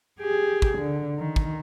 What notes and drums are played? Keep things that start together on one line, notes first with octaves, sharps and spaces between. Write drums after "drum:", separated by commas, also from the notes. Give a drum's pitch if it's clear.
G4 G#4
drum: kick
D3
D#3
drum: kick